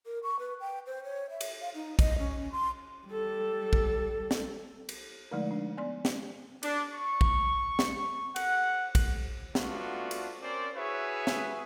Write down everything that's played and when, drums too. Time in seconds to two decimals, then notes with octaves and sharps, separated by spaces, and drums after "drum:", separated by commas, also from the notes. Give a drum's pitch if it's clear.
0.06 A#4
0.23 C#6
0.39 B4
0.60 G5
0.86 C5
1.04 C#5
1.30 E5
1.41 drum: cymbal
1.61 F5
1.75 D#4
1.99 D#5, drum: kick A#1, cymbal
2.19 C#4
2.52 C6
3.08 G3 A4
3.73 drum: kick A#1
4.31 drum: snare
4.89 drum: cymbal
5.31 D3 F3 G#3 A3 D#4 D5
5.51 D4
5.77 B3 D5 C6
6.05 drum: snare
6.63 D4, drum: cymbal
6.93 C#6
7.21 drum: kick A#1
7.79 drum: snare
8.36 F#5, drum: cymbal
8.95 drum: kick A#1, cymbal
9.55 G3 A3 B3 D4 F4 F#4, drum: snare
10.11 drum: cymbal
10.42 C4 C#4 A#4 C5 D5
10.76 E4 F#4 G#4 B4 C#5 E5
11.27 drum: snare